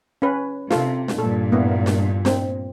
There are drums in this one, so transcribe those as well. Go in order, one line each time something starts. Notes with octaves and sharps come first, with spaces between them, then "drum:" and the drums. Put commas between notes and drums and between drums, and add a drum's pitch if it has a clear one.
C#4 B4
C3 F4 A4, drum: snare
drum: snare
G2 A#2 A4
A#3 B3 E4
drum: snare
C4, drum: snare